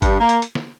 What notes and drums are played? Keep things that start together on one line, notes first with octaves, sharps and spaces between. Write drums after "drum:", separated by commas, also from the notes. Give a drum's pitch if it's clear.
G2, drum: kick G1, hi-hat
A#3
drum: hi-hat
drum: hi-hat
drum: snare